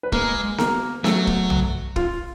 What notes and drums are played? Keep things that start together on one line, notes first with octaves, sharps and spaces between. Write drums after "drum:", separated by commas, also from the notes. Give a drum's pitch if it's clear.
B4
G#3 A#3 A#4, drum: kick
A#3 A#4, drum: snare B3
F#3 A3 A4, drum: snare B3
drum: kick
drum: tom B1
F4, drum: kick